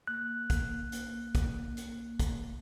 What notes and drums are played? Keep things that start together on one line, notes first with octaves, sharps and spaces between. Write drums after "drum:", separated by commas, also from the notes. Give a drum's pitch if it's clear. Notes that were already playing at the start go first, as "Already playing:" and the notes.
A#3 F#6
drum: kick, hi-hat
drum: hi-hat
drum: kick, hi-hat
drum: hi-hat
drum: kick, hi-hat